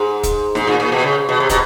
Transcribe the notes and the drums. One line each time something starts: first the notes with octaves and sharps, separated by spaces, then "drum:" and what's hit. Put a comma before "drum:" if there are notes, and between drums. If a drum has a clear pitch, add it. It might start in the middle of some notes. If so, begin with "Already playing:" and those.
Already playing: G#2
drum: kick, hi-hat
G#2, drum: snare
A#2
A#2
B2
C#3
B2
C3
B2, drum: kick, hi-hat